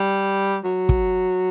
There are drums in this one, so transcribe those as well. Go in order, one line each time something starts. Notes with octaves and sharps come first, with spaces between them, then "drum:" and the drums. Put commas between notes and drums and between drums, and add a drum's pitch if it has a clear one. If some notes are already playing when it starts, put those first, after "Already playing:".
Already playing: G3
F#3
drum: kick